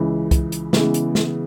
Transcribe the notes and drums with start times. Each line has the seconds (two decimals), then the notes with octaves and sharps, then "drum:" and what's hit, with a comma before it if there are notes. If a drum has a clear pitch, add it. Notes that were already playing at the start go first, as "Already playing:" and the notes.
Already playing: C#2 C#3 E3
0.31 drum: kick, hi-hat
0.52 drum: hi-hat
0.73 C#3 E3 G#3 B3, drum: snare
0.94 drum: hi-hat
1.15 drum: snare